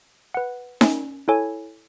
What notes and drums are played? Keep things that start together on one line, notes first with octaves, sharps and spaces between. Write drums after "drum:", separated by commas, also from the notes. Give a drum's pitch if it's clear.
B4 F#5
C#4, drum: snare D#4
E4 A4 C#5 G#5